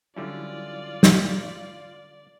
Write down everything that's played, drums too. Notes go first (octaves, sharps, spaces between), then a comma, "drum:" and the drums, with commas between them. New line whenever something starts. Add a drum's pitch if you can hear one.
D3 F#3 G3 C#4 E4 F4 D5
drum: snare